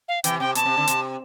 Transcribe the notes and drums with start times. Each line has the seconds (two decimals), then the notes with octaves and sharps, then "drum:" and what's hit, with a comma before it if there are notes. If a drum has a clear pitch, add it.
0.08 F5
0.24 C3 E3 G5, drum: hi-hat
0.40 C3 G5
0.55 B2 A5, drum: hi-hat
0.65 C3
0.77 D3
0.87 C3, drum: hi-hat